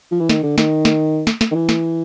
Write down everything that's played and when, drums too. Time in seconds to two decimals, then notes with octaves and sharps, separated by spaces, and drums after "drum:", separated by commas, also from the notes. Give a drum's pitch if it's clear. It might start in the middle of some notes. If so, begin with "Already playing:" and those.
0.11 F3
0.20 E3
0.29 D#3, drum: snare
0.43 D3
0.58 D#3, drum: snare
0.85 drum: snare
1.27 drum: snare
1.41 drum: snare
1.51 D#3
1.55 E3
1.69 drum: snare